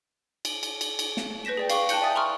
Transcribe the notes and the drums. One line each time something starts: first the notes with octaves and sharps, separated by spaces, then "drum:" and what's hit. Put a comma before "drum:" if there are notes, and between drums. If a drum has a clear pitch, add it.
drum: cymbal
drum: cymbal
drum: cymbal
drum: cymbal
drum: snare
B4 G6 A#6 B6 E7
G#4 D5 G5
F5 C#6 D6, drum: cymbal
G5 A5 F#6 G6 C#7, drum: cymbal
D5 E5 G#5 D#6 A6
A#5 C6 C#6 D#6 F6